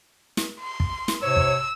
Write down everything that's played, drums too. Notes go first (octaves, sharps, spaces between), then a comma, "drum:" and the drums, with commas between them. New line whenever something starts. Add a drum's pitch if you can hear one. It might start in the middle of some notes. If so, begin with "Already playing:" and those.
drum: snare
C6
drum: kick
drum: snare
G#2 C3 C#5 E6
drum: kick